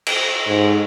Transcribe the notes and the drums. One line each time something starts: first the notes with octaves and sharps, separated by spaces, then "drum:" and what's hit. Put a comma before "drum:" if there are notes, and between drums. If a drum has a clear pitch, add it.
drum: cymbal
G#2